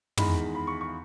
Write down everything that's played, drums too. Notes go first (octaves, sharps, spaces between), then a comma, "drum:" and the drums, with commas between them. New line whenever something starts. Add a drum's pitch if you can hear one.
E2 D#3 G#3 B5, drum: tom
B5
C#6
C#6